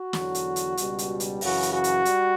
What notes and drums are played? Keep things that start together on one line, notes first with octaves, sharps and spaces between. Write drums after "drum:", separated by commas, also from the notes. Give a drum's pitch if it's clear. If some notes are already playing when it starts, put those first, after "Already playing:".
Already playing: F#4
E2 D3 F#3, drum: snare
drum: hi-hat
drum: hi-hat
C#2 B2 G3, drum: hi-hat
drum: hi-hat
drum: hi-hat
F#2 C#3 E3 F#4, drum: open hi-hat
drum: hi-hat
F#4
drum: hi-hat
G3, drum: hi-hat